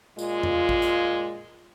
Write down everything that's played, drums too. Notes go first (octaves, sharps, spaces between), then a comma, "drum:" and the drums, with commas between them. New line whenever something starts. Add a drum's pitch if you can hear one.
A#2 G#3 F4, drum: tambourine
drum: tom E2
drum: kick G#1
drum: hi-hat